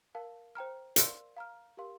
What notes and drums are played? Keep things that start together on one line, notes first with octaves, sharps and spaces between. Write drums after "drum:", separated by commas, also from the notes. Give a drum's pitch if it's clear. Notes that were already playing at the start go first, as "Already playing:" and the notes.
A#4 F5 A5
C5 G5 A#5 F6
A#4 D5 F5 C6 E6, drum: hi-hat
F5 A#5 F6
G4 A#4 F5 C6